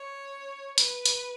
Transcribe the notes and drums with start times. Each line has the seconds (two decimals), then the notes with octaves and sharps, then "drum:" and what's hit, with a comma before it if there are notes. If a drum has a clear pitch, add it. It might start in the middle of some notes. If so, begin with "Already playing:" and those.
Already playing: C#5
0.78 B4, drum: hi-hat
1.06 drum: hi-hat